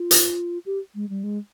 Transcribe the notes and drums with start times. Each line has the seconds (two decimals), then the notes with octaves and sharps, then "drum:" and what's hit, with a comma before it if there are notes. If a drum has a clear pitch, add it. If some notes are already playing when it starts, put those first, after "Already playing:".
Already playing: F4
0.11 drum: hi-hat
0.66 G4
0.95 G#3
1.09 G3
1.24 G#3